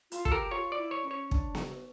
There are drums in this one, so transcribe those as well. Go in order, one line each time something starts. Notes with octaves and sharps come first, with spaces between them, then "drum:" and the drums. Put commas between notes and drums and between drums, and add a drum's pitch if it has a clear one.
F4, drum: hi-hat
A4, drum: kick
G4 A#4
F4 C#5
D5
E4
C#5
C#4
C#5
D4, drum: kick
drum: snare B3